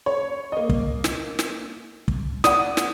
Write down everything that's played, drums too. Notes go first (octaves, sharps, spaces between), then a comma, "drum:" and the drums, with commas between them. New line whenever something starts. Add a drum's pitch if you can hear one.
C#5
A#3 D#5
drum: kick
drum: snare
drum: snare
drum: kick
D5 F#5 D#6, drum: snare
drum: snare